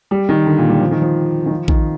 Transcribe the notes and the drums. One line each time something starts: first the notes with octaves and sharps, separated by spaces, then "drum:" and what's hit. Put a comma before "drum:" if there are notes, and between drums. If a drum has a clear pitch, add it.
G3
D#3
D3
A#2
G3
F3
D#3
F3
D#3
F3
D#3, drum: kick A#1